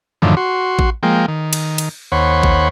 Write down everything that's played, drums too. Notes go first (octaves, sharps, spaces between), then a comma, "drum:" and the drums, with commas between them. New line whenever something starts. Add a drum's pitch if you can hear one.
F#2 A2 D3 D#3 F3
F#4 C6
drum: kick A1
F3 G#3 A#3 G5
D#3
drum: cymbal
drum: cymbal
D#2 C5 C#5 F#5 B5
drum: kick A1